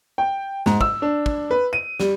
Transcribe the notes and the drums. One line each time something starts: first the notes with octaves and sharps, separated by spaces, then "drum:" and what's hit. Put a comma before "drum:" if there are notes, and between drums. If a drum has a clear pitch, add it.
G5
G#2, drum: snare
E6, drum: kick
D4
drum: kick
B4
D#7
G3, drum: snare